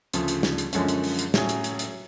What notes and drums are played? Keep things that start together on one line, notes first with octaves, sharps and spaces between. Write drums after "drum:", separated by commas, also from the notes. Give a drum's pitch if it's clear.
D2 C#3 F3, drum: hi-hat
drum: hi-hat
drum: snare
drum: hi-hat
F#2 D3 F3 G#3 C#4, drum: hi-hat
drum: hi-hat
drum: open hi-hat
drum: hi-hat
A2 F#3 C#4 G#4, drum: snare
drum: hi-hat
drum: hi-hat
drum: hi-hat